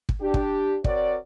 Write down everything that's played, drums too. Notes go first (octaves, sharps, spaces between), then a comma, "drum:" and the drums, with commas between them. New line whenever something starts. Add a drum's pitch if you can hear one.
drum: kick
D4 G4
drum: kick
C4 F#4 A#4 C#5 D5, drum: kick